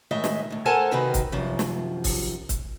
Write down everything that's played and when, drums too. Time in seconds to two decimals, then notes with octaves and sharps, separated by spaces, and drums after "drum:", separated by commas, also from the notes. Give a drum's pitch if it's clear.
0.11 A2 D#3 G#3 D#5 E5
0.24 drum: snare
0.50 D2 A2
0.66 A4 A#4 C5 F#5 G#5 A5
0.91 C3 D#3 C4 F#4 B4
1.14 drum: kick C#1, hi-hat
1.32 F#2 C3 D#3 F3
1.59 drum: snare
2.04 drum: kick C#1, open hi-hat
2.49 drum: kick C#1, hi-hat